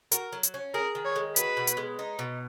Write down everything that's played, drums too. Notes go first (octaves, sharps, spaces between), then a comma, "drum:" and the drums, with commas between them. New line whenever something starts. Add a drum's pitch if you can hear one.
F#4 A#4, drum: hi-hat
F#3
drum: hi-hat
C#4
G#4 A#4
D#3
C#5
G#3
F#4 B4, drum: hi-hat
B2
drum: hi-hat
G#3
D#4
B2